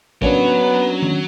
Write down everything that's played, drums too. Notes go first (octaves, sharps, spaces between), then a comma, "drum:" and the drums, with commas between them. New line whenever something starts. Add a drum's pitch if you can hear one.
F#3 A#3 B3 C#4 D4, drum: kick
drum: tom D#3